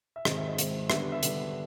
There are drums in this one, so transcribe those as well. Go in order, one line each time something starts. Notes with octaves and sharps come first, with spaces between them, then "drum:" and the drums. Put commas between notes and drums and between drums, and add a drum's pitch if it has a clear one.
E5
G#2 D#3 G#3 C4 D#5, drum: rim click
E5
D#5
G#2 D#3 G#3 C4, drum: hi-hat
D3 G3 B3 D4 E5, drum: rim click
E5
D3 G3 B3 D4, drum: hi-hat